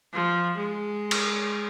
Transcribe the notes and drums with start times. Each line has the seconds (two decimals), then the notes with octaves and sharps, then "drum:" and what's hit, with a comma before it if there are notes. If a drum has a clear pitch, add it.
0.13 F3
0.57 G#3
1.11 drum: cymbal